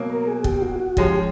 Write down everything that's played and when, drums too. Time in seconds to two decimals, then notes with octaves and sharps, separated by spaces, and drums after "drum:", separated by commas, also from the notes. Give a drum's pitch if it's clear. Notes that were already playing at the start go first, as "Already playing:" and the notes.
Already playing: B2 F#3 A#3
0.10 A#4
0.27 G#4
0.44 G4, drum: kick
0.62 F#4
0.80 F#4
0.97 F3 G#3 C#4 G4, drum: kick